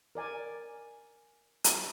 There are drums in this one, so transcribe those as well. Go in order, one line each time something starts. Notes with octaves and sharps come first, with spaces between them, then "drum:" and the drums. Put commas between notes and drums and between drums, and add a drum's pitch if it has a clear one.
A#4 D5 G#5
drum: hi-hat